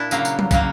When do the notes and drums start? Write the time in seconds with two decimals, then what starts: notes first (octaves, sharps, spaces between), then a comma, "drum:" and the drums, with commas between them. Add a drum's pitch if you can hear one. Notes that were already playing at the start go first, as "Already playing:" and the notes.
Already playing: A#2 D4 E4
0.11 C#3 F#3 A#3, drum: tambourine
0.25 drum: tambourine
0.39 drum: tom F#3
0.51 C#3 F#3 A#3, drum: kick, tambourine